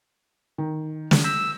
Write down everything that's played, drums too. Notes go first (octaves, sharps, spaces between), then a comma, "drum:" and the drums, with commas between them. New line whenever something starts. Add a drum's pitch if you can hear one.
D#3
drum: snare
E6 G6 A#6 B6